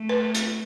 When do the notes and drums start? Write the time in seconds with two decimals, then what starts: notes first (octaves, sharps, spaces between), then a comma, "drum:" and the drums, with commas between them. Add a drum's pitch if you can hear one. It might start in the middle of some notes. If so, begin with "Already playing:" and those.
Already playing: A3
0.09 B4
0.35 drum: hi-hat